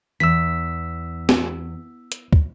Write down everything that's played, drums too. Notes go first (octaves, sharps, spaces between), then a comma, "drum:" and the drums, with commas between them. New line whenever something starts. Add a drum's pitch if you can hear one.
E2 E6 B6
drum: snare B3
drum: hi-hat
drum: kick